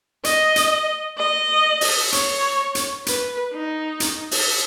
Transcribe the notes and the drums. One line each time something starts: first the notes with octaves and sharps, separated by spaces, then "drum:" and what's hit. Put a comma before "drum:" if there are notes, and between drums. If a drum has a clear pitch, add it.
D#5, drum: hi-hat
drum: hi-hat
D#5
drum: open hi-hat
C#5, drum: hi-hat
drum: hi-hat
B4, drum: hi-hat
D#4
drum: hi-hat
drum: open hi-hat